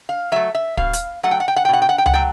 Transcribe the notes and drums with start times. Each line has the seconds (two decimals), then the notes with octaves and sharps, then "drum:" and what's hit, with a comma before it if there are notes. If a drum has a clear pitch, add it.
0.09 F5
0.32 F#3 A3 E5
0.55 E5
0.77 B2 F5, drum: kick
0.93 drum: hi-hat
1.23 F#3 A3 F#5
1.31 G5
1.40 F#5
1.48 G5
1.56 F#5
1.65 G5
1.69 B2 F#5
1.82 G5
1.89 F#5
1.98 G5
2.06 F#5, drum: tom C#2
2.14 F#3 A3 G5